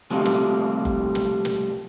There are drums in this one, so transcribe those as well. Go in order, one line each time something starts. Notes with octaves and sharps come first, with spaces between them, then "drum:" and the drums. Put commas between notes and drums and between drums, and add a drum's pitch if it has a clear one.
C3 F3 G3 A3 A#3 C4
drum: snare
drum: kick F#1
drum: snare
drum: snare